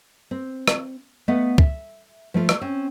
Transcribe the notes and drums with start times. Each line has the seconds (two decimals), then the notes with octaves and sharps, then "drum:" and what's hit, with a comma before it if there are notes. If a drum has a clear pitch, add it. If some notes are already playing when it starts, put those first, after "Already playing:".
0.31 C4
0.68 drum: rim click
1.28 A3 B3 D#5 F5 F#5
1.58 E5, drum: kick
2.34 F3 A3 F4
2.49 drum: rim click
2.61 C4 C#4